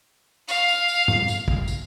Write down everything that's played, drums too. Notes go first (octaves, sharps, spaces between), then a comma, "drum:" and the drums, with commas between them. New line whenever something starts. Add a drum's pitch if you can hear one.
F5, drum: tambourine
drum: tambourine
drum: tambourine
drum: tom
drum: tambourine
drum: kick
drum: tambourine